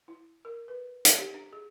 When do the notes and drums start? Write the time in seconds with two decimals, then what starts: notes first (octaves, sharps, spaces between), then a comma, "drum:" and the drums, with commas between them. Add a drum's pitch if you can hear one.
0.08 E4
0.45 A#4
0.68 B4
1.05 drum: hi-hat
1.18 G4
1.34 D4
1.53 G#4